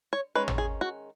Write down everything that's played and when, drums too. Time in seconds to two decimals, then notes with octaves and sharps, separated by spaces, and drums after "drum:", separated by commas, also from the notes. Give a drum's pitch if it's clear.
0.13 C#5
0.35 D#3 G#3 C#4 B4
0.48 drum: tom
0.58 G#4
0.81 F#4